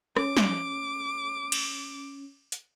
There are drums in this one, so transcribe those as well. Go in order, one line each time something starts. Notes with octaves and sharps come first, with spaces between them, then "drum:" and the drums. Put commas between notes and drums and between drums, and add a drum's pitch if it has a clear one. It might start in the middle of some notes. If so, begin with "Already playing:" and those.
C#4 D6, drum: rim click
drum: snare
drum: cymbal
drum: hi-hat